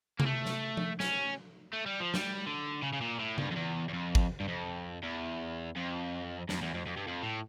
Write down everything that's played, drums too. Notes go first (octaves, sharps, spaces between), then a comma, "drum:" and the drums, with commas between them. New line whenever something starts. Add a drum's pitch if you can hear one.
A#3, drum: tom C3
A3
drum: snare
drum: tom F3
C#4, drum: snare
A3
G3
F3
G3, drum: snare
D3
C#3
C#3
A#2
A2
G2, drum: tom C#3
F2
E2
E2
F2
drum: kick G#1
G2
F2
E2
F2
F2, drum: snare
E2
F2
F2
G2
F2
A2